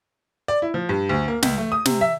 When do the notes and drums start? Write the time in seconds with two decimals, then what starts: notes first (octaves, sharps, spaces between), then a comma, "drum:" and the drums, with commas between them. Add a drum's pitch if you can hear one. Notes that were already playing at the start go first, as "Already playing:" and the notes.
0.48 D5
0.62 E4
0.74 F3
0.89 G2
1.09 D2
1.28 A#3
1.43 C#2, drum: snare
1.58 A3
1.72 D#6
1.85 C3, drum: snare
2.01 E5